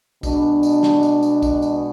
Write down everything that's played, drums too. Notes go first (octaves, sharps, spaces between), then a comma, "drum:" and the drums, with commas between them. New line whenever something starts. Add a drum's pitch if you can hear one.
B2 G#3 B3 D4, drum: kick, tambourine
drum: tambourine
drum: snare
drum: tambourine
drum: tambourine
drum: kick, tambourine
drum: tambourine